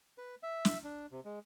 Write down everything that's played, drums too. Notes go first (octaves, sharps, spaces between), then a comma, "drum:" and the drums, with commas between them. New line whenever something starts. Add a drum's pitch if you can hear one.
B4
E5
drum: snare
D4
C3
G#3